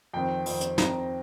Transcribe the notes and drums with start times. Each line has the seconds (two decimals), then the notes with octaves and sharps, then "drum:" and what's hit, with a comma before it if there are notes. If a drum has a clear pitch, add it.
0.14 F2 D#3 C4 G5
0.46 F2 D#3 C4, drum: open hi-hat
0.61 drum: hi-hat
0.78 F2 D#3 C4 A#5, drum: snare